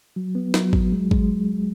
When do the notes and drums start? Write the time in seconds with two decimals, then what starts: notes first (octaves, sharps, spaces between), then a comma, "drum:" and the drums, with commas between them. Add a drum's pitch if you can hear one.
0.16 F#3
0.35 B3
0.54 F#3, drum: snare
0.73 F#3, drum: kick G#1
0.92 G#3
1.11 G#3, drum: kick G#1